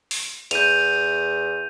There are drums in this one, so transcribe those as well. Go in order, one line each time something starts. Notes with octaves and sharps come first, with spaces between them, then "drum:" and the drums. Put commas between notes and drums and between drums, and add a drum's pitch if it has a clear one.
drum: open hi-hat
E2 G6 D#7 F7, drum: cymbal